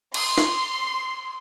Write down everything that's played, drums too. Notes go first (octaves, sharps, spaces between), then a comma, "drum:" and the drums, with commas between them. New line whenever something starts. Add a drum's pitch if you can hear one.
C6, drum: cymbal
drum: snare